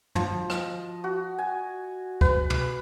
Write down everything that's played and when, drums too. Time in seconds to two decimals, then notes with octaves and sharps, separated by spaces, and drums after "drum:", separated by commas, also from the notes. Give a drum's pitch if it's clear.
0.15 F3, drum: tom
0.50 D#5, drum: rim click
1.04 F#4
1.39 G#5
2.21 B4, drum: kick C#2
2.50 drum: tom